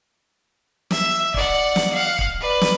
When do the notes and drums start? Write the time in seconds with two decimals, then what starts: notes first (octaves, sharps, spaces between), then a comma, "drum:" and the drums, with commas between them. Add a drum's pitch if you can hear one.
0.91 E5, drum: snare
1.34 D5 F#5, drum: kick
1.76 drum: snare
1.93 F5 F#5
2.19 drum: kick
2.40 B4 D5
2.61 drum: snare